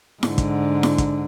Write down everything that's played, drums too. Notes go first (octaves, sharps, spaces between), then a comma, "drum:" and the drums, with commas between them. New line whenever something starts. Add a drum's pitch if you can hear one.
G#2 D3, drum: snare E4
drum: kick, hi-hat
drum: snare E4
drum: kick, hi-hat